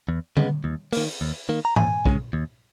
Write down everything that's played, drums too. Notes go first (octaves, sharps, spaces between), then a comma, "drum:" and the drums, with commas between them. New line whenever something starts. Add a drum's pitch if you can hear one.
E2
C#3 G#3 B3, drum: tom D3
D#2
D#3 A#3, drum: open hi-hat
D#2
D#3 A#3
A#5
D#2 G#5, drum: tom G#2
C#3 G#3 C#4, drum: kick
D#2